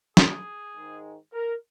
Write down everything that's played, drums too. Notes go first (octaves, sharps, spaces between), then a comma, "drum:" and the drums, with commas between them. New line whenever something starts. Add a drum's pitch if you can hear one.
G#4, drum: snare
G#2 D#3 G#3
A#4